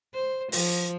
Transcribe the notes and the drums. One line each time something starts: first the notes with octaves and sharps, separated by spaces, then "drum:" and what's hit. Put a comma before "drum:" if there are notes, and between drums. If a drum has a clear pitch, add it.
C5
F3, drum: open hi-hat